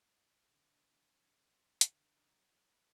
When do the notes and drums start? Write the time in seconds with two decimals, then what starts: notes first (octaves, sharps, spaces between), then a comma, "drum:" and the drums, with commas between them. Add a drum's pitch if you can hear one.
0.51 D3
0.93 F2
1.23 C#5
1.52 C4
1.81 D3, drum: hi-hat
2.16 D#4
2.32 F#3
2.72 B4